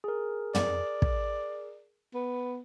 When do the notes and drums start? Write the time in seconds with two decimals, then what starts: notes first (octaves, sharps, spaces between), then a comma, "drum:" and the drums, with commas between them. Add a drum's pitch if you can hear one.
0.04 G#4 A#4
0.55 D5, drum: tom
1.02 drum: kick
2.14 B3